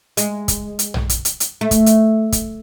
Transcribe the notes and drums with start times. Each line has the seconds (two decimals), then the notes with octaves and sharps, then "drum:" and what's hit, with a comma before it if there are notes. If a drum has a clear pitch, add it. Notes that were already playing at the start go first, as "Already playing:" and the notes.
0.17 G#3, drum: hi-hat
0.48 drum: kick, hi-hat
0.79 drum: hi-hat
0.94 drum: tom A#1
1.09 drum: kick, hi-hat
1.25 drum: hi-hat
1.40 drum: hi-hat
1.61 A3
1.71 drum: kick, hi-hat
1.86 drum: hi-hat
2.32 drum: kick, hi-hat